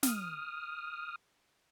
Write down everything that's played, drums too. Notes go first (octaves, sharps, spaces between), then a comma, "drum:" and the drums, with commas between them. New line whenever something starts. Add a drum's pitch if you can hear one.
D#6 F6, drum: snare